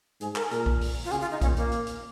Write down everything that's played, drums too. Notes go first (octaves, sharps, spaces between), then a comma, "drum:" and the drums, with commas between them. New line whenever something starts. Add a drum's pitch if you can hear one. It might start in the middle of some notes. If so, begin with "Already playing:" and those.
G#2 G#4, drum: hi-hat
A#4, drum: clap
G#4
A#2 A#4, drum: hi-hat
drum: kick B1
drum: open hi-hat
F4
C#3 G#4, drum: hi-hat
F4
D#4
A#2 C#4, drum: kick B1, hi-hat
A#3, drum: hi-hat
drum: hi-hat
drum: hi-hat